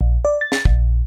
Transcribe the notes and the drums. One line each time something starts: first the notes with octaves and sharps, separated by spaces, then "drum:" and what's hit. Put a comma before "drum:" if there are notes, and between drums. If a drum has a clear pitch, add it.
A#1
D5
A6
drum: snare
A#1, drum: kick